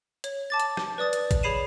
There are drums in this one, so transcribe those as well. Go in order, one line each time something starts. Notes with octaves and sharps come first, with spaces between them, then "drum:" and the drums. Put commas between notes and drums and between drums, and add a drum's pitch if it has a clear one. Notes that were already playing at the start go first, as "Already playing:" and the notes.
C#5, drum: hi-hat
A5 D6 A6
drum: hi-hat
drum: rim click
B4 D5 D#6 A6
drum: hi-hat
drum: kick, hi-hat
G#4 C#5 B5 C7 D#7 E7